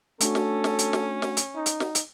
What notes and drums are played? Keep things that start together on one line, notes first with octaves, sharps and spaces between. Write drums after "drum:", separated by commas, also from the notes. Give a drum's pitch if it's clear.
A3 C#4 D4 F#4 A4, drum: hi-hat
drum: snare
drum: snare
drum: hi-hat
drum: snare
drum: snare
drum: hi-hat
D#4
drum: hi-hat
drum: snare
drum: hi-hat